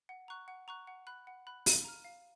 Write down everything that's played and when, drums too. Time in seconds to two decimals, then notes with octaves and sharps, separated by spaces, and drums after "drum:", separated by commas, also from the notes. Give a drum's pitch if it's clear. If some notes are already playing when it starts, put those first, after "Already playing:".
0.09 F#5
0.28 A#5 C#6 F#6
0.48 F#5
0.68 A#5 C#6 F#6
0.87 F#5
1.07 B5 F#6
1.27 F#5
1.47 B5 F#6
1.66 F5, drum: open hi-hat
1.85 A#5 F6
2.05 F5